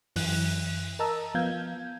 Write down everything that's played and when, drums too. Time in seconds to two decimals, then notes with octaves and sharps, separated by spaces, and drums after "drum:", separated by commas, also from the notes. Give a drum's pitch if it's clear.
0.16 F#2 E3 F#6, drum: open hi-hat
0.99 A#4 D#5 A5 A#5 E6
1.34 F3 B3 F5 G6 G#6